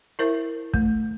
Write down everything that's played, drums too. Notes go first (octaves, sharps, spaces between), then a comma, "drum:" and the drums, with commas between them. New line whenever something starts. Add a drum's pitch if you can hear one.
E4 A#4 C5 E5
A3, drum: kick